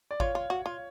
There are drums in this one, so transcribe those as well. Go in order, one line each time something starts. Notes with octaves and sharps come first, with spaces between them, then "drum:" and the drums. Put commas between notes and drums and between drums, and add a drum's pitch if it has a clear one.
D5
F4 C#5, drum: kick G#1
F4
F#4
F4